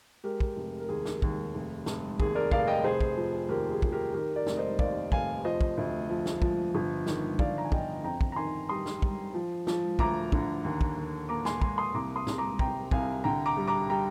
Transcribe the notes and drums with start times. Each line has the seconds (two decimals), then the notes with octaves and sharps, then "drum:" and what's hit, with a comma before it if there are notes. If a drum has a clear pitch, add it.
0.24 G#3 G4 A#4
0.40 drum: kick
0.56 F1
0.80 A#4
0.89 D#2 G#4
1.05 drum: snare
1.22 D#2, drum: kick
1.54 F1
1.86 F1, drum: snare
2.20 D#2 G#4, drum: kick
2.35 A#4 D5
2.51 F1 D5 F5, drum: kick
2.67 D#5 G5
2.84 F1 G#4 C5
3.01 drum: kick
3.17 F3
3.49 D#2 G4 A#4
3.71 G#4
3.82 F3, drum: kick
3.92 G4 A#4
4.14 D#3 G4 A#4
4.36 A#4 D5
4.46 F1, drum: snare
4.57 C5 D#5
4.79 D#2 D5 F5, drum: kick
5.12 F1 F5 G#5, drum: kick
5.44 F3 C5 D#5
5.61 drum: kick
5.77 D2
6.09 F3
6.26 drum: snare
6.42 F3, drum: kick
6.75 G1
7.07 D#3, drum: snare
7.39 G1 D5 F5, drum: kick
7.58 A#5
7.64 G#5
7.72 G1 D#5 G5, drum: kick
8.04 F2 G5 A#5
8.21 drum: kick
8.32 A#5
8.36 D#3 G#5 C6
8.69 G3 C6 D#6
8.86 drum: snare
9.02 G3, drum: kick
9.34 F3
9.67 F3, drum: snare
9.99 D2 A#5 D6, drum: kick
10.32 D3, drum: kick
10.64 D#2
10.81 drum: kick
10.97 D#2
11.29 A#3 A#5 D6
11.45 G#5 C6, drum: snare
11.62 A#3 G#5 C6, drum: kick
11.78 C6 D#6
11.94 C2 A#5 D6
12.16 C6 D#6
12.27 C2, drum: snare
12.38 A#5 D6
12.59 C3 G5 A#5, drum: kick
12.91 C2 F5 G#5, drum: kick
13.24 D3 G5 A#5
13.46 A#5 D6
13.57 G3
13.67 A#5 D6
13.90 G3 G5 A#5